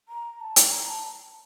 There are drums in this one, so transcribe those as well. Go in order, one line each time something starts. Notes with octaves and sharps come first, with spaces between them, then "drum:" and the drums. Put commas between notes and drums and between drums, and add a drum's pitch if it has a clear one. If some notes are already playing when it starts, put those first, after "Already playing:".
A#5
A5
G5, drum: hi-hat
A#5
A5